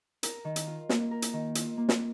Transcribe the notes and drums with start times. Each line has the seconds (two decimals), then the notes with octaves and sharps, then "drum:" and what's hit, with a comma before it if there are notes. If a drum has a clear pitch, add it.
0.23 A#4, drum: hi-hat
0.45 D#3
0.56 drum: hi-hat
0.67 F4
0.89 A#3, drum: snare
1.11 A#4
1.22 drum: hi-hat
1.33 D#3
1.55 F4, drum: hi-hat
1.77 A#3
1.89 drum: snare